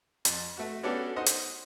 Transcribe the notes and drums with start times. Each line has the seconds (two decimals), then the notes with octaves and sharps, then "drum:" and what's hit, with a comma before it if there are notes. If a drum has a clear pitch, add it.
0.25 F2, drum: hi-hat
0.57 A3 F#4
0.83 B3 C#4 D4 F#4 G4 A4
1.16 D#4 C5 D#5 F#5 D#6
1.26 drum: hi-hat